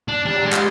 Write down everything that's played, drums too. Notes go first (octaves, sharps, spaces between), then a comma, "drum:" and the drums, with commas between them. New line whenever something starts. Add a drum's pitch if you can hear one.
D4
G3 D4
F#3
G3 G#3
drum: clap